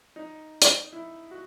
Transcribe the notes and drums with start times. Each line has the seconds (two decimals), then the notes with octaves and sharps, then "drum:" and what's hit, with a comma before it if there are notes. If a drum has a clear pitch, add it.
0.16 D#4
0.62 drum: hi-hat
0.93 E4
1.31 F#4